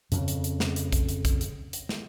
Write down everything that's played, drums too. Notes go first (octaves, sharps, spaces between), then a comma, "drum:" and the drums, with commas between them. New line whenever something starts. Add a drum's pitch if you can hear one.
F2 C#3, drum: hi-hat
drum: hi-hat
drum: hi-hat
drum: snare
drum: hi-hat
drum: kick, hi-hat
drum: hi-hat
drum: kick, hi-hat
drum: hi-hat
drum: hi-hat
drum: snare